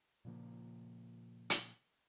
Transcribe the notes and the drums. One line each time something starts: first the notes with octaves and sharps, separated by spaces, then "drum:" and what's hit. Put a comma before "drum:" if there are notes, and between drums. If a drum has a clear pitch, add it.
A#2 C#3 F3 A#3
drum: hi-hat